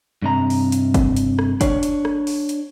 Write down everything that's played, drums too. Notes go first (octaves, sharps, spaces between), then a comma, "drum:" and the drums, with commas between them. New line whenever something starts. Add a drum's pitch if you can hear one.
G2 C3 A#5
drum: open hi-hat
drum: hi-hat
drum: kick F#1, hi-hat
drum: hi-hat
drum: rim click
D4 C#5, drum: kick F#1, hi-hat
drum: hi-hat
drum: rim click
drum: open hi-hat
drum: hi-hat